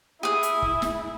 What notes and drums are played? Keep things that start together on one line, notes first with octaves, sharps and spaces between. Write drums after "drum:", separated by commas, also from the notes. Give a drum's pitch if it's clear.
E4 G#4 D#6
drum: hi-hat
drum: kick
drum: snare